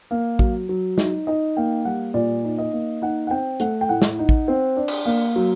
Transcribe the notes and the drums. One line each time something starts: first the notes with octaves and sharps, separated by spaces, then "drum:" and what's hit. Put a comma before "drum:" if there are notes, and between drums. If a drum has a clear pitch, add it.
A#3
F#3, drum: kick
F#3
D#4, drum: snare
D#4 D#5
A#3 G5
G3 F#5
A#2 D5
D#4
D#5
A#3
D#4 F#5
F#5
C4 G5
A3 F#5, drum: hi-hat
G5
A2 F#5
drum: snare
D#4
drum: kick
C4
D4
drum: cymbal
A#3
F#3